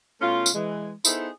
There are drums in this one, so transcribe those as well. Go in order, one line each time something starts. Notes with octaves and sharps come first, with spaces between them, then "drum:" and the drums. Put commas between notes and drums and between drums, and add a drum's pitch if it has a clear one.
B2 A3 C#4 F4
drum: tambourine
E3 G#3
B3 D#4 E4 G#4 A4 C5, drum: tambourine